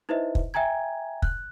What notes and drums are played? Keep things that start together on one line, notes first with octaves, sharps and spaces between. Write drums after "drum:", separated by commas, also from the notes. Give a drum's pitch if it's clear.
D#4 E4 B4 C5 D#5 E5
drum: kick
E5 G5 G#5 A#5 G#6
F#6, drum: kick